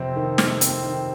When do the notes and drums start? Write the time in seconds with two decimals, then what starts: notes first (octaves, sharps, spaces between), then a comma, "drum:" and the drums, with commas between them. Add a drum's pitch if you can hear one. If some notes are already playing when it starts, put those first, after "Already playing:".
Already playing: F2 C3 C4
0.16 D#3
0.38 D#3 F6, drum: snare
0.61 C4, drum: hi-hat
0.84 D#3